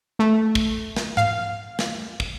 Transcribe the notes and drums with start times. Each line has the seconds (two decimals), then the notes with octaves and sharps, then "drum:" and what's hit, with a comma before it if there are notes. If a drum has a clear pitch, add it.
0.19 A3
0.55 drum: kick
0.96 drum: snare
1.17 F5, drum: tom G#2
1.79 drum: snare
2.20 drum: kick